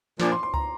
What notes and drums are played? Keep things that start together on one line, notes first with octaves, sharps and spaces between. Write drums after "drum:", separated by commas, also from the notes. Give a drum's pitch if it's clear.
A#2 F3 D4 D6, drum: snare
C6
C6
A#5, drum: kick C#2